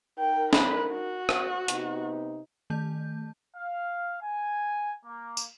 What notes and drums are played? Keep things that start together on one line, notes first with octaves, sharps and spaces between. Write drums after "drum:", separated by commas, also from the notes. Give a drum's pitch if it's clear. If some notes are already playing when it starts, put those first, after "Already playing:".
D#4 A#4 G5
B4, drum: snare
F#4
drum: rim click
C3 B3 D#4, drum: hi-hat
D#3 A3 A5 G6
F5
G#5
A#3
drum: tambourine